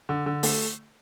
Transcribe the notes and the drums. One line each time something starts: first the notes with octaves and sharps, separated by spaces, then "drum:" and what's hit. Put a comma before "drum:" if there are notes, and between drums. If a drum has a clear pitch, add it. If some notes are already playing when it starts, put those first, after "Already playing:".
D3
D3
A3, drum: open hi-hat